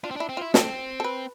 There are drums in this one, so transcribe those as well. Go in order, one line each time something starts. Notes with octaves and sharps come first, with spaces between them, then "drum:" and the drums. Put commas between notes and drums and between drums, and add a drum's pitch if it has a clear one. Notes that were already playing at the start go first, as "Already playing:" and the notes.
D4 F4
C4
D4
E4
C4
F4
E4
C4 A4, drum: snare
A4
B4